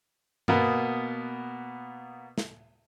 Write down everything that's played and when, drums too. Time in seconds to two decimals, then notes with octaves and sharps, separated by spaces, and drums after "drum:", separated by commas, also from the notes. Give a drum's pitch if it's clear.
0.48 B2 A#3 B3, drum: tom G2
2.38 drum: snare